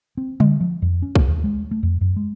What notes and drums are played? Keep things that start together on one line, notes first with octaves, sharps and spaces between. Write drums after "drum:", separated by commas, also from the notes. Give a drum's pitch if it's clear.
C4
D3, drum: tom G3
F3
F2
C#4
D1, drum: kick C2
D#2
G#3
A3
F2
F#2
G#3